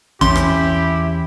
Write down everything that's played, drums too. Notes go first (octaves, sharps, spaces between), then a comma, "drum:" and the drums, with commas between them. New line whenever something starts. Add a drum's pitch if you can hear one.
E2 C#4 E4 G4 C6, drum: kick
drum: rim click